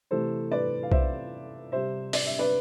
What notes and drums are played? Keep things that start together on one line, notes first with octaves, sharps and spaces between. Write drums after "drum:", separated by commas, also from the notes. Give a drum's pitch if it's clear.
C3 E3 A3 A4 C5
B4 D5
F5
C5 E5, drum: kick B1
C3 G3 C5 E5
D5, drum: open hi-hat
E5
B4 D5